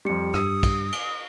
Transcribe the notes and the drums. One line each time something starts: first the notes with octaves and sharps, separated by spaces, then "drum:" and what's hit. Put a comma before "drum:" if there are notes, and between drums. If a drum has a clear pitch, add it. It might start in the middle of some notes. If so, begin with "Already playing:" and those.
F2 G3 G4 C#7
G2 D#6 E6 D#7, drum: rim click
drum: kick, cymbal
drum: cymbal